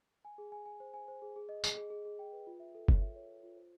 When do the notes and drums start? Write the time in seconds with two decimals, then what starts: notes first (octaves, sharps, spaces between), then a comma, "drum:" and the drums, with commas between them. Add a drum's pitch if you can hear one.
0.25 G#5
0.38 G#4
0.52 G#5
0.66 G#5
0.80 C5
0.94 G#5
1.08 C5
1.22 G#4
1.36 G#4
1.49 D#5
1.64 G#4, drum: tambourine
1.77 G#4
1.90 G#4
2.05 G#4
2.19 G5
2.33 B4
2.47 F4
2.60 E5
2.75 A4
2.88 C#5, drum: kick
3.01 E5
3.16 C#5
3.29 E5
3.43 F4
3.57 C5